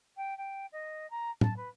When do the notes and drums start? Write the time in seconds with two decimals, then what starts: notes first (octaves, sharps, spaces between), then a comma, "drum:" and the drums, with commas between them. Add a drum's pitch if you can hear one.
0.17 G5
0.37 G5
0.72 D#5
1.10 A#5
1.41 A5, drum: tom
1.56 B4